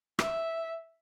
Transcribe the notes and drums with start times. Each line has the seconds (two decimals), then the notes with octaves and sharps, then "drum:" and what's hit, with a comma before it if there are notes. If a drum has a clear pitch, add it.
0.19 E5, drum: rim click